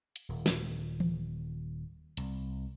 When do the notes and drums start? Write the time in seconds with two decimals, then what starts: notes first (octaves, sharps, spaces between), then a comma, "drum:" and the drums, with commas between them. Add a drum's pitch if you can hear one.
0.16 drum: hi-hat
0.29 D#1
0.46 drum: snare
1.00 drum: tom E3
2.17 C2, drum: hi-hat